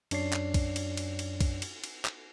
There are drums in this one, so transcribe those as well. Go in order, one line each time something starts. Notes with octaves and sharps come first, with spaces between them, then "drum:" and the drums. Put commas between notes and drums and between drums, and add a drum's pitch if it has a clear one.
F#2 D4 C#5 D5 C7, drum: cymbal
drum: clap
drum: kick B1, cymbal
drum: cymbal
drum: cymbal
drum: cymbal
drum: kick B1, cymbal
drum: cymbal
drum: cymbal
drum: clap